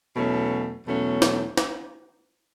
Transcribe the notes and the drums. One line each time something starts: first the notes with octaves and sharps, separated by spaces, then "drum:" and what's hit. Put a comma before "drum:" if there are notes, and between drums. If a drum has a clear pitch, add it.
E2 B2 F#3 A3 C#4
E2 B2 F#3 A3 C#4
drum: snare
drum: snare